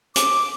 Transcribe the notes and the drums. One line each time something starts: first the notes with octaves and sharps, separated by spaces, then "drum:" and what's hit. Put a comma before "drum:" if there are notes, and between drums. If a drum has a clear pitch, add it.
D6, drum: hi-hat